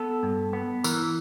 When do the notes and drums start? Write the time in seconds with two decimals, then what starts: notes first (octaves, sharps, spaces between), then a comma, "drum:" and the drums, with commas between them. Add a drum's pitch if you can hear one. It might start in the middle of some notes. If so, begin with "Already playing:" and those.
Already playing: B3 A4
0.23 G2
0.53 B3
0.84 E3 A#4, drum: tambourine